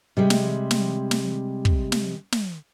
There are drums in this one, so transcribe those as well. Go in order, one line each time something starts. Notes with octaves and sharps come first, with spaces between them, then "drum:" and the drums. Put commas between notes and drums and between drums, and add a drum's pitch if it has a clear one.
C3 G3 G#3
drum: snare
drum: snare
drum: snare
drum: kick
drum: snare
drum: snare